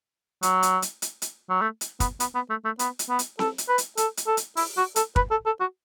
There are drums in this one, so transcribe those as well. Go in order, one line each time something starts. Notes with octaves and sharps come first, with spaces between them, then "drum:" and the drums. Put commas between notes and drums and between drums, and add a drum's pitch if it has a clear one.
F#3, drum: hi-hat
drum: hi-hat
drum: hi-hat
drum: hi-hat
drum: hi-hat
F#3
A3
drum: hi-hat
B3, drum: kick, hi-hat
B3, drum: hi-hat
B3
A3
A3
B3, drum: hi-hat
drum: hi-hat
B3
drum: hi-hat
A4, drum: snare C4
drum: hi-hat
B4
drum: hi-hat
A4, drum: hi-hat
drum: hi-hat
A4
drum: hi-hat
E4, drum: open hi-hat
F#4
A4, drum: hi-hat
B4, drum: kick
A4
A4
F#4